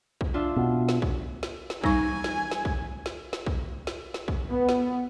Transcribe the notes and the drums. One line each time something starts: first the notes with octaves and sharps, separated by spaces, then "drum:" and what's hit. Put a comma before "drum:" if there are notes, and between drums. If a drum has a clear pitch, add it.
drum: kick
D4 F4 E5
B2
drum: snare
drum: kick
drum: snare
drum: snare
G3 D#4 G#5 C#6, drum: kick
drum: snare
drum: snare
drum: kick
drum: snare
drum: snare
drum: kick
drum: snare
drum: snare
drum: kick
B3
drum: snare